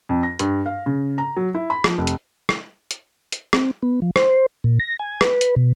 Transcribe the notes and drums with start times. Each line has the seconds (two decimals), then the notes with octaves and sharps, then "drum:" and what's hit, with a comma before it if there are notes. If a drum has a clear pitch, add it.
0.09 F2
0.23 A#6
0.39 G2, drum: hi-hat
0.66 F5
0.86 C#3
1.18 A#5
1.37 F#3
1.54 E4
1.70 B5
1.84 F3, drum: rim click
1.98 F1
2.07 drum: hi-hat
2.49 drum: rim click
2.91 drum: hi-hat
3.32 drum: hi-hat
3.53 C4, drum: rim click
3.83 B3
4.02 F3
4.16 C5, drum: rim click
4.64 A#2
4.80 A#6
4.99 G#5
5.21 B4, drum: rim click
5.41 drum: hi-hat
5.56 B2